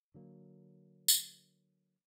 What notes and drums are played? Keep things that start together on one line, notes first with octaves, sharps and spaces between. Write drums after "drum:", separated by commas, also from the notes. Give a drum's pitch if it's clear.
D3 F#3 A#3
drum: tambourine